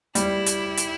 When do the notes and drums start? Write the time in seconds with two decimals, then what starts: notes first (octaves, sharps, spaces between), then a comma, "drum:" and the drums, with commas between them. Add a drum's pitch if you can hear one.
0.15 G3 E4 G4, drum: hi-hat
0.46 drum: hi-hat
0.77 drum: hi-hat